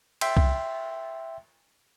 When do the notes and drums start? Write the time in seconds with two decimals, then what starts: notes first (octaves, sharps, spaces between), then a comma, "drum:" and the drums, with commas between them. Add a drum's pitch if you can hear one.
0.21 E5 G5 C6, drum: cymbal
0.37 drum: kick C2